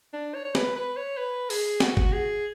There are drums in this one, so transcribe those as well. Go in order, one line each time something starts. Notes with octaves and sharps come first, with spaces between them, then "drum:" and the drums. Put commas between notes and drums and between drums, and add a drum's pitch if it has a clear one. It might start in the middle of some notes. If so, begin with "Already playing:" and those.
D4
C#5
C#5
B4, drum: snare
B4
C#5
B4
G#4, drum: open hi-hat
F#4, drum: snare
drum: kick
G#4